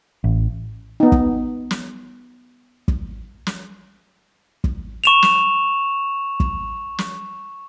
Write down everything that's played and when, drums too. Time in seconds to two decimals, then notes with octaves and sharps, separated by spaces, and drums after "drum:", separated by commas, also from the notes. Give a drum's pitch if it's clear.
0.24 A1
1.00 B3 D#4
1.12 drum: kick
1.71 drum: snare
2.88 drum: kick
3.47 drum: snare
4.64 drum: kick
5.04 C#6 E7 F7
5.22 drum: snare
6.40 drum: kick
6.98 drum: snare